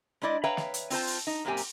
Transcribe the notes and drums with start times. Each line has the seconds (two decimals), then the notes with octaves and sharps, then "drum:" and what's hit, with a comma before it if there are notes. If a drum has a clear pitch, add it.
0.22 G#3 D4 E4 D5 D#5
0.44 B4 C#5 E5 F5 G5 A#5
0.57 drum: snare
0.74 drum: hi-hat
0.90 C4 F4 C5 A5, drum: open hi-hat
1.07 drum: open hi-hat
1.27 D#4
1.45 F#2 A#2 A#3 C4 G4 G#5
1.57 drum: open hi-hat